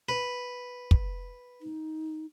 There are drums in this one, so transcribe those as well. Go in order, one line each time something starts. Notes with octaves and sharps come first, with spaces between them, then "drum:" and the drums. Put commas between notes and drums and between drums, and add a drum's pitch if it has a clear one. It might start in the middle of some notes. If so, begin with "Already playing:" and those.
B4
drum: kick
D#4